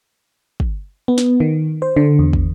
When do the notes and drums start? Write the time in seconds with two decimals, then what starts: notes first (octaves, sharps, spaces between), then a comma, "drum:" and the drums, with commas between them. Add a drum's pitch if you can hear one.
0.60 drum: kick
1.08 B3
1.18 drum: snare
1.40 D#3
1.82 C5
1.96 D3
2.19 E2
2.33 drum: kick